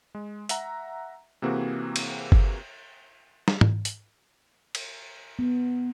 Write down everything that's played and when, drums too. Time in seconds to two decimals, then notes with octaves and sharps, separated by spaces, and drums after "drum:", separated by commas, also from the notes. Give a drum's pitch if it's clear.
0.15 G#3
0.49 E5 F#5 A#5, drum: hi-hat
1.42 C3 E3 A#3 C4 F#4 G#4
1.96 drum: cymbal
2.32 drum: kick G1
3.48 drum: snare
3.61 drum: tom G#2
3.85 drum: hi-hat
4.75 drum: cymbal
5.39 B3